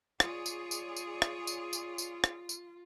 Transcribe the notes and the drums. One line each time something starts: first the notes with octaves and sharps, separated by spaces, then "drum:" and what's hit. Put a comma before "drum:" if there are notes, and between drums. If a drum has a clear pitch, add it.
F4 G#4 C#5 D5, drum: rim click
drum: tambourine
drum: tambourine
drum: tambourine
drum: rim click
drum: tambourine
drum: tambourine
drum: tambourine
drum: rim click
drum: tambourine